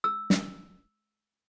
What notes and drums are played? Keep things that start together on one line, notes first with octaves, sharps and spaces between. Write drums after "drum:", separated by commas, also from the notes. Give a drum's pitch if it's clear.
E6
drum: snare